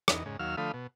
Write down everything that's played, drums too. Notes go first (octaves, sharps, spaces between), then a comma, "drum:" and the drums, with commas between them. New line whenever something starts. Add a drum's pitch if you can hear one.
E2 D#4, drum: rim click
G#2 C#3
D#2 F#3 F5 E6 F6
D3 F3 A3 F5 B5 D#6
B2